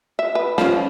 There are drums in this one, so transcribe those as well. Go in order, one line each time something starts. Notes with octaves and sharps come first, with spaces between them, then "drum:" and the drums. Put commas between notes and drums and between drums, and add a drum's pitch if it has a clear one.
E5
B4
F3 C#4, drum: snare